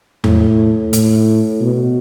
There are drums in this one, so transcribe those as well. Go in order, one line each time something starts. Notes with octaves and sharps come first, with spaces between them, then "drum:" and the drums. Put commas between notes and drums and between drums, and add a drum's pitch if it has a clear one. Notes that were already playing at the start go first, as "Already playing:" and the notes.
A2, drum: tom E2
A2, drum: hi-hat
B2